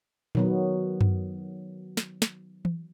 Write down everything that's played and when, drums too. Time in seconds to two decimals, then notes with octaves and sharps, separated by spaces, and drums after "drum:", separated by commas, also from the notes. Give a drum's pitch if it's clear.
0.35 D#3 F#3 B3, drum: tom A#2
1.01 drum: tom F#2
1.97 drum: snare
2.22 drum: snare
2.65 drum: tom E3